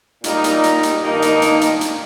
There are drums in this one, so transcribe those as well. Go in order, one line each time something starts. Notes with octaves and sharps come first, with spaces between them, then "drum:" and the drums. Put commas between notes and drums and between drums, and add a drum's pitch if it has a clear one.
A#2 G3 A#3 D#4, drum: hi-hat
drum: hi-hat
drum: hi-hat
drum: hi-hat
G2 D#3 A#3 D#4
drum: hi-hat
drum: hi-hat
drum: hi-hat
drum: hi-hat